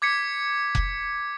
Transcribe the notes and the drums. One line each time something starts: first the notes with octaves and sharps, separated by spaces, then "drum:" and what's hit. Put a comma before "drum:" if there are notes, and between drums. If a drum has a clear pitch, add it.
D6 G#6 B6 C#7
drum: kick F1